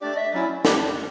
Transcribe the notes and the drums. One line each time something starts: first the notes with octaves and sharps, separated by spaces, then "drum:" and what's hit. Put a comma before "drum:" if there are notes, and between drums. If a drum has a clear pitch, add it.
A3 D4 G4 D5
E5
F#3 C#4 E4 D5
G3 D4 G4, drum: snare